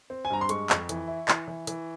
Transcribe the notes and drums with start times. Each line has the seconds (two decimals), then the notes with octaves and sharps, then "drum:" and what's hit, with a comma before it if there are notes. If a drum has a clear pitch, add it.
0.10 C4
0.25 G#5
0.30 G2 A#5
0.41 C6
0.49 G#3 C#6, drum: hi-hat
0.70 F2, drum: clap
0.89 E3, drum: hi-hat
1.08 E4
1.28 E3, drum: clap
1.48 E3
1.67 E3, drum: hi-hat